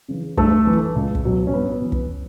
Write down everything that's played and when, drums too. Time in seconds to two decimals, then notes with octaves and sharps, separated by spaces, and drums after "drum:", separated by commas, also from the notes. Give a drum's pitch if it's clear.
0.08 C#3 E3
0.37 G2 A3 A4, drum: kick
0.67 E3
0.96 C#2
1.15 drum: kick
1.25 B2 F#3
1.47 C#4
1.54 G2 B3
1.82 E3
1.92 drum: kick